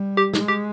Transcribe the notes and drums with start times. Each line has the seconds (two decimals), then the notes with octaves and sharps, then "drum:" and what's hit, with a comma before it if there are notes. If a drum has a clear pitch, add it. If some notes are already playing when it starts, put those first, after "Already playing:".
Already playing: G3
0.17 G4
0.34 G#3, drum: snare
0.48 G4